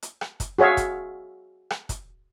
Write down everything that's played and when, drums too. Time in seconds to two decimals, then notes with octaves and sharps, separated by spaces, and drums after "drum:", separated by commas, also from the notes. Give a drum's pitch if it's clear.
0.02 drum: hi-hat
0.21 drum: rim click
0.40 drum: kick, hi-hat
0.58 F#4 G#4 C#5 E5 F5
0.77 drum: kick, hi-hat
1.70 drum: rim click
1.89 drum: kick, hi-hat